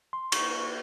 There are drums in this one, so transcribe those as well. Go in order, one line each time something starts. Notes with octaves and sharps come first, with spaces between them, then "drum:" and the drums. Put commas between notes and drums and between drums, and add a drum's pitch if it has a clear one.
C6
C#6, drum: cymbal